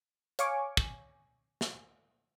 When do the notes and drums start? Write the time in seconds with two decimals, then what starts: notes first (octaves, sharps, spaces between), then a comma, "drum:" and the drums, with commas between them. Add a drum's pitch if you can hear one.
0.39 C#5 F5 G#5 C#6 D6, drum: hi-hat
0.77 drum: kick
1.61 drum: snare